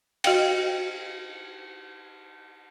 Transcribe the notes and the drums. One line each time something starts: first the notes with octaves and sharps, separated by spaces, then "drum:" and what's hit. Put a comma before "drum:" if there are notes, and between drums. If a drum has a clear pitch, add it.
F#4 D#5 F5 G5, drum: cymbal